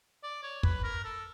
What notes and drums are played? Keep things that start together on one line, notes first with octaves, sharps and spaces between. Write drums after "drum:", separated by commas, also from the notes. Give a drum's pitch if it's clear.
D5
C#5
B4, drum: kick
A#4
A4